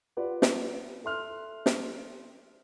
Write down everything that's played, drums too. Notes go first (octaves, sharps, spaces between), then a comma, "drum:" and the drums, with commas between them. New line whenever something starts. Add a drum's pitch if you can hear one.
F4 G4 B4 D5 F#5
drum: snare
A4 E5 C6 F6 F#6
drum: snare